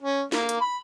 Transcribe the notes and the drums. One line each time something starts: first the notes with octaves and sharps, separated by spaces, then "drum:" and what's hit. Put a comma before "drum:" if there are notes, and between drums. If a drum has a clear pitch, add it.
C#4
A#3, drum: snare
drum: hi-hat
B5